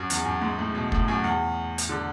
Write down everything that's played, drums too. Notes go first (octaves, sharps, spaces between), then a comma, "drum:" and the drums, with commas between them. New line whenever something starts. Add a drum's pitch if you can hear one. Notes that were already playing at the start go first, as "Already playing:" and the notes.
Already playing: F#2
E2, drum: hi-hat
F#2
G#2
A2
B2
A2, drum: kick
F#2
E2
drum: hi-hat
D3